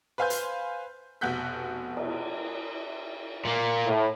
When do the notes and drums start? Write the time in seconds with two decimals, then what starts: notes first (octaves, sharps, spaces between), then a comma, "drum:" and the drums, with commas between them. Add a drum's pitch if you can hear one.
0.18 B4 C5 F5 G#5 C6 G6
0.30 drum: hi-hat
1.21 F1 B2 F#5 F#6 G6 B6
1.97 drum: cymbal
3.45 A#2 A#3
3.85 A2